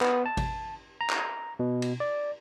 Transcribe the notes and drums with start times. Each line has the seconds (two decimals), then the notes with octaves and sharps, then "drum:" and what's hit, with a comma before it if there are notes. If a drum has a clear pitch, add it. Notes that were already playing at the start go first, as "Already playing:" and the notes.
0.01 B3, drum: clap
0.26 A5
0.37 drum: kick G#1, cymbal
1.01 A#5
1.10 drum: clap
1.59 B2
1.82 drum: cymbal
2.00 D5